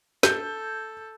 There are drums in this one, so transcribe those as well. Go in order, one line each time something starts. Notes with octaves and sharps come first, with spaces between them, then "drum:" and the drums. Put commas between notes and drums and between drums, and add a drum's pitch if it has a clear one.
A4 G6, drum: snare